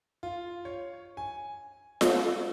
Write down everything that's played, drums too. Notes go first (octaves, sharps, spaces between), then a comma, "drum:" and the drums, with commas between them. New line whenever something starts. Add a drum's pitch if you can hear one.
F4
C#5
G#5
drum: snare F4